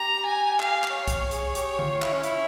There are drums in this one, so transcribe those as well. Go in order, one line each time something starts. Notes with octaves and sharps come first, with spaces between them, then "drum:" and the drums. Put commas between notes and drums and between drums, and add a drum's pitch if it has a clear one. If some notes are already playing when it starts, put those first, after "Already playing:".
Already playing: G4 A#5
G#5
F5, drum: clap
drum: clap
C#5
drum: kick, hi-hat
G#4, drum: hi-hat
G4, drum: hi-hat
F4, drum: tom D3
E4, drum: clap
C#4
E4, drum: hi-hat